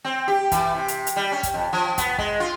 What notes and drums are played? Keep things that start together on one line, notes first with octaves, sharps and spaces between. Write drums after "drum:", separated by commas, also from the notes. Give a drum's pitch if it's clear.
C4
G4
E3, drum: kick, hi-hat
C3
drum: hi-hat
drum: hi-hat
G3
C#4
drum: kick, hi-hat
F2
F3
B3, drum: kick, hi-hat
G#3, drum: kick
F4